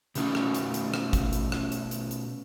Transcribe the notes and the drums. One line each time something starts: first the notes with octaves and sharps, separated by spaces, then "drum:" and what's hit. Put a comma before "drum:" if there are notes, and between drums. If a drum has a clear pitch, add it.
B2 D3 A3 C#4 D#4 F#4, drum: hi-hat
drum: rim click
drum: hi-hat
drum: hi-hat
drum: rim click
drum: kick, hi-hat
drum: hi-hat
drum: rim click
drum: hi-hat
drum: hi-hat
drum: hi-hat